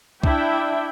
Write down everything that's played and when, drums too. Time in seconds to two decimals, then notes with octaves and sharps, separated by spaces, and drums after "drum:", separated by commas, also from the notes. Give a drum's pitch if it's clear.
0.24 D4 E4 E5 G5, drum: kick C2